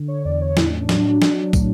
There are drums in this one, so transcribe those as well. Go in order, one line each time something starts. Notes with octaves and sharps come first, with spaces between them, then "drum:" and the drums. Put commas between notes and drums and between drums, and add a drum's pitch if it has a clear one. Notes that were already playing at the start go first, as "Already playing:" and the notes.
Already playing: D3
C#5
E2 D5
C#5
A2 E4, drum: snare
D4
C#4
D4
F#3, drum: snare
F#3, drum: snare
A2, drum: kick, tambourine